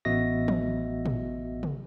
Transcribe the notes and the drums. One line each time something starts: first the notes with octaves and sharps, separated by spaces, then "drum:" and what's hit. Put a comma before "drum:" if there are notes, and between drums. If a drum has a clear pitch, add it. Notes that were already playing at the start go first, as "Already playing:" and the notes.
A1 B3 F#4 D#5 E5 A#6
drum: tom
drum: tom
drum: tom